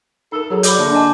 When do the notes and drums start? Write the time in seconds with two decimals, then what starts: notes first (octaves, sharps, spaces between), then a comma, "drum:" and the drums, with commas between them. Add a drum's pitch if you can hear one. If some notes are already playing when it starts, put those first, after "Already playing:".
0.32 D#4 A4 A#4
0.50 F#3 G#4 A4
0.63 D5 B5 D6 G6, drum: hi-hat
0.78 D3 A#3 D4
0.94 D#5 G#5 A5 D6